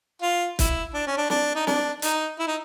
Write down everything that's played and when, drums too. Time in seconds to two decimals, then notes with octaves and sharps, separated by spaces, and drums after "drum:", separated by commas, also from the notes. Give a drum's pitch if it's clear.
0.22 F4
0.59 E4, drum: kick, hi-hat
0.94 D4
1.07 C#4
1.17 D4
1.30 D4, drum: snare
1.55 D#4
1.67 D4, drum: snare
2.02 D#4, drum: hi-hat
2.39 E4
2.48 D#4